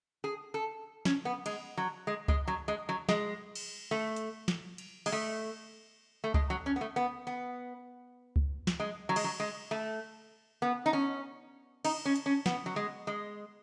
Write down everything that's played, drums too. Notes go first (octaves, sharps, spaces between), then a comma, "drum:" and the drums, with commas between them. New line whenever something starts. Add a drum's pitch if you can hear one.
G#4
A4
C#4, drum: snare
B3
G#3, drum: cymbal
F#3
G#3
G#3, drum: kick C#2
F#3
G#3
F#3
G#3, drum: snare
drum: cymbal
A3
drum: hi-hat
drum: snare
drum: cymbal
G#3, drum: cymbal
A3
A3
G#3, drum: kick C#2
F#3
C#4
B3
A3
B3
B3
drum: kick C#2
drum: snare
G#3
F#3
G#3, drum: cymbal
F#3
G#3
A3
B3
D#4
C#4
D#4, drum: cymbal
C#4
drum: hi-hat
C#4
B3, drum: snare
F#3
G#3
G#3